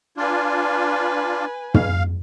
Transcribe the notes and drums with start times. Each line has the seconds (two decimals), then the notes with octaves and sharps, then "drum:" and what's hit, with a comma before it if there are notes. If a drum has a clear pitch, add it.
0.17 D4 F4 B4 G#5
1.74 F5, drum: tom